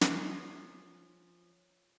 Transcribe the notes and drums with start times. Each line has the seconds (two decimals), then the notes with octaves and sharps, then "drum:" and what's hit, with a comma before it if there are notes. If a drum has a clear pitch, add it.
0.01 F3 C#4, drum: snare